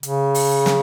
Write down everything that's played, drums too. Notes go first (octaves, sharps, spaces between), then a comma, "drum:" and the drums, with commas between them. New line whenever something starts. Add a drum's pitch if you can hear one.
C#3, drum: hi-hat
drum: open hi-hat
drum: snare